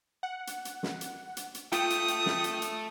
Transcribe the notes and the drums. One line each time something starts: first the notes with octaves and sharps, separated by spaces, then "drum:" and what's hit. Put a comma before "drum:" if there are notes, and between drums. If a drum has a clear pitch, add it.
F#5
drum: hi-hat
drum: hi-hat
drum: snare
drum: hi-hat
drum: hi-hat
drum: hi-hat
A3 F4 G5 D#6, drum: hi-hat
drum: hi-hat
drum: hi-hat
drum: snare
drum: hi-hat
drum: hi-hat